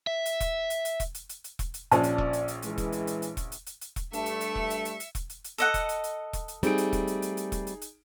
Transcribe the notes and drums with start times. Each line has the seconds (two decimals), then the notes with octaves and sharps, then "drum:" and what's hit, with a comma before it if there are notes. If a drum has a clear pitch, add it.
0.07 E5
0.26 drum: hi-hat
0.40 drum: kick E1, hi-hat
0.70 drum: hi-hat
0.85 drum: hi-hat
1.00 drum: kick E1, hi-hat
1.15 drum: hi-hat
1.29 drum: hi-hat
1.44 drum: hi-hat
1.59 drum: kick E1, hi-hat
1.74 drum: hi-hat
1.92 A#1 F3 C#4 C5 D5 A5, drum: hi-hat
2.03 drum: hi-hat
2.18 drum: kick E1
2.33 drum: hi-hat
2.48 drum: hi-hat
2.62 E3 G#3, drum: hi-hat
2.78 drum: kick E1, hi-hat
2.92 drum: hi-hat
3.07 drum: hi-hat
3.22 drum: hi-hat
3.37 drum: kick E1, hi-hat
3.52 drum: hi-hat
3.66 drum: hi-hat
3.81 drum: hi-hat
3.96 drum: kick E1, hi-hat
4.13 G2 A3 D4 E5 C#7, drum: hi-hat
4.26 drum: hi-hat
4.41 drum: hi-hat
4.55 drum: kick E1
4.70 drum: hi-hat
4.85 drum: hi-hat
5.00 drum: hi-hat
5.15 drum: kick E1, hi-hat
5.30 drum: hi-hat
5.44 drum: hi-hat
5.58 A4 D#5 F#5, drum: hi-hat
5.74 drum: kick E1, hi-hat
5.89 drum: hi-hat
6.04 drum: hi-hat
6.33 drum: kick E1, hi-hat
6.48 drum: hi-hat
6.63 G3 A3 C4 D#4 G#4 D7, drum: hi-hat
6.78 drum: hi-hat
6.93 drum: kick E1, hi-hat
7.07 drum: hi-hat
7.22 drum: hi-hat
7.37 drum: hi-hat
7.52 drum: kick E1, hi-hat
7.67 drum: hi-hat
7.82 drum: hi-hat